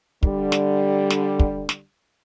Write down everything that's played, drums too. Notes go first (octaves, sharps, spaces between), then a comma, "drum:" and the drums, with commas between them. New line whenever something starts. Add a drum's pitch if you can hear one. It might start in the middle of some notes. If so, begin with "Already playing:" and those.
D3 G3, drum: kick
drum: snare
drum: snare
drum: kick
drum: snare